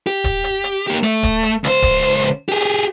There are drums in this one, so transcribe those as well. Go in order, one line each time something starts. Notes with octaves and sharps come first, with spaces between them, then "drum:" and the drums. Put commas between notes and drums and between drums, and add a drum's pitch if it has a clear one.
G4
drum: kick D1, hi-hat
drum: hi-hat
drum: hi-hat
A#3 G4
A3, drum: hi-hat
drum: kick D1, hi-hat
drum: hi-hat
C#2 C5, drum: hi-hat
drum: kick D1, hi-hat
drum: hi-hat
drum: hi-hat
G4 G#4
drum: hi-hat